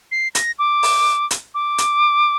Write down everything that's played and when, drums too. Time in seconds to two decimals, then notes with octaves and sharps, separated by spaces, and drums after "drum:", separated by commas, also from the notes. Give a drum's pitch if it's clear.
0.12 C7
0.35 A#6, drum: hi-hat
0.59 D6
0.83 drum: open hi-hat
1.31 drum: hi-hat
1.54 D6
1.78 drum: hi-hat